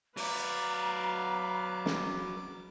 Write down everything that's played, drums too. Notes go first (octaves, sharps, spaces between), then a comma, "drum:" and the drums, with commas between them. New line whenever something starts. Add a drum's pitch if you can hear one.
F#3 B4 D5 F5 A#5 D6, drum: open hi-hat
drum: snare